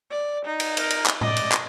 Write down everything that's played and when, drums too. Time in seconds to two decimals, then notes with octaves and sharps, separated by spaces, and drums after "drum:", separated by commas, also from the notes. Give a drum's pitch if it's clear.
0.11 D5
0.45 D#4
0.60 drum: cymbal
0.77 A#4, drum: cymbal
0.90 drum: cymbal
1.06 drum: clap
1.21 D5 D#5, drum: tom A2
1.37 drum: cymbal
1.52 drum: clap